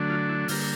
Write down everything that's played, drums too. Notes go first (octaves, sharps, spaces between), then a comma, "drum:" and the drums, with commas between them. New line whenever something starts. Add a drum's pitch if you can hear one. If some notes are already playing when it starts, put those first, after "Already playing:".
Already playing: D3 F#3 A3 D4
F4
E4
D3 G3 A#3 F4, drum: open hi-hat